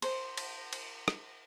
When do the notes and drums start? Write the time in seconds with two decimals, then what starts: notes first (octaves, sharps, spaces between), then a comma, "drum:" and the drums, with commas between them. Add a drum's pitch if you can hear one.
0.02 C5, drum: cymbal
0.38 drum: cymbal
0.73 drum: cymbal
1.08 drum: rim click